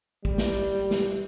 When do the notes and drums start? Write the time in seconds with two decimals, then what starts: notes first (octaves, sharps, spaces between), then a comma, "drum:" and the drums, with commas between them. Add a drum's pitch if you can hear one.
0.25 G3, drum: kick
0.38 drum: snare
0.91 drum: snare